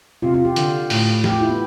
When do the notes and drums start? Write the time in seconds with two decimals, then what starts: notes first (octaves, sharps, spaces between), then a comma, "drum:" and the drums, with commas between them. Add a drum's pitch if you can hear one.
0.22 C3 F4
0.34 F4
0.45 G4
0.56 D3, drum: hi-hat
0.90 A2, drum: open hi-hat
1.24 G4, drum: snare
1.33 F4
1.41 E4
1.49 B3